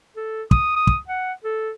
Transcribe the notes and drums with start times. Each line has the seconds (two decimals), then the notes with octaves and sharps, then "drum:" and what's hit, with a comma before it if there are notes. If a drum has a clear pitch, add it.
0.16 A4
0.51 D#6, drum: kick
0.76 D#6
0.87 drum: kick
1.08 F#5
1.44 A4